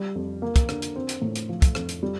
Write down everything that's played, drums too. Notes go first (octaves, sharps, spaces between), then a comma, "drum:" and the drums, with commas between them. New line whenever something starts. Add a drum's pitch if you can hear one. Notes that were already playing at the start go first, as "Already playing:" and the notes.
Already playing: G3
F2
A#3
drum: kick, hi-hat
D3, drum: rim click
drum: hi-hat
C4
drum: hi-hat
A2
drum: hi-hat
F3
drum: kick, hi-hat
F2, drum: rim click
drum: hi-hat
G3